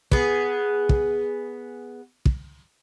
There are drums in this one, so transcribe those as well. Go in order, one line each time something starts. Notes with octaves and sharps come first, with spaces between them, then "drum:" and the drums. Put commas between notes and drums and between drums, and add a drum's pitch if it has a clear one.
B3 G#4, drum: kick
drum: kick
drum: kick